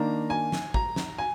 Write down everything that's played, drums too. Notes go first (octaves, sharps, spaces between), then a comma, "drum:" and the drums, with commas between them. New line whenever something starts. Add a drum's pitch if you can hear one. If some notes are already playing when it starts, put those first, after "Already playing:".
Already playing: D#3 A#3 D4 A#5
G#5
drum: snare
A#5, drum: kick
drum: snare
G#5